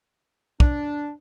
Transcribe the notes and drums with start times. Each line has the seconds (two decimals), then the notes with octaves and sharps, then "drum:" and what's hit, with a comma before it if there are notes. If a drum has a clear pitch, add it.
0.60 D4, drum: kick